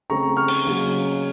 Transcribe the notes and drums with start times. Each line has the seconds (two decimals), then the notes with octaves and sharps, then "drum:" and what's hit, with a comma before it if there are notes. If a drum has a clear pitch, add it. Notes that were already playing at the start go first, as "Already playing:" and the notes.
0.10 C#3 A3 C4 A#5 C#6
0.37 C#6 F6
0.48 drum: cymbal
0.64 C#3 F#3 A#3 C#4